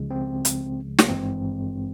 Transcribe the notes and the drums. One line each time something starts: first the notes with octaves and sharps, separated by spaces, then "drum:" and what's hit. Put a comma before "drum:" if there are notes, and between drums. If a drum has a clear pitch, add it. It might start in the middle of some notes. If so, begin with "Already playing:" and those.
Already playing: C#2 C#3 F3 G#3
C4
drum: hi-hat
A#3, drum: snare
G#1 G2 E3 G#3 C4